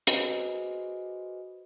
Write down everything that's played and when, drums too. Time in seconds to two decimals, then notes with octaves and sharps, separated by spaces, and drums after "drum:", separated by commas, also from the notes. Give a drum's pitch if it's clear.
0.07 F#4 G#4 B4 C5 D#5 G#5, drum: hi-hat